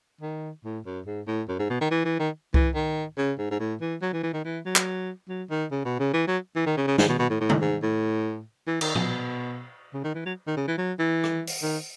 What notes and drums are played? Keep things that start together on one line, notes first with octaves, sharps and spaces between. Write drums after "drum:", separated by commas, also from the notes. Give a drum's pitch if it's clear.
D#3
A2
F#2
G#2
A2
F#2
G#2
B2
D#3
E3
E3
D#3
E3, drum: kick C2
D#3
C#3
G#2
G#2
A2
E3
F#3
E3
E3
D#3
E3
F#3
drum: clap
F#3
D#3
C#3
B2
C#3
E3
F#3
E3
D#3
C#3
C#3
G#2, drum: snare
B2
B2
A2
A2
drum: tom
G#2
A2
E3
D#3, drum: cymbal
B2, drum: tom A#2
C#3
D#3
E3
F#3
D#3
C#3
E3
F#3
E3
drum: rim click
drum: open hi-hat
D#3